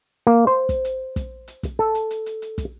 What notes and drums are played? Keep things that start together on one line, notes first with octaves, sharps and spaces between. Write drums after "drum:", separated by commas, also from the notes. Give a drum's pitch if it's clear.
A#3
C5
drum: kick, hi-hat
drum: hi-hat
drum: kick, hi-hat
drum: hi-hat
drum: kick, hi-hat
A4
drum: hi-hat
drum: hi-hat
drum: hi-hat
drum: hi-hat
drum: kick, hi-hat